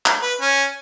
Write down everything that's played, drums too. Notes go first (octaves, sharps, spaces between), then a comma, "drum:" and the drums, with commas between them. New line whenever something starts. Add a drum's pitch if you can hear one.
drum: clap
B4
C#4